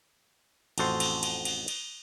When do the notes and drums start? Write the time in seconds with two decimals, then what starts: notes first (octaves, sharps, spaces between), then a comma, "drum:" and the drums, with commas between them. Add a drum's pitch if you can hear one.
0.78 A1 F2 F#4 A4 C5, drum: cymbal
1.00 drum: cymbal
1.23 drum: cymbal
1.45 drum: cymbal
1.68 drum: cymbal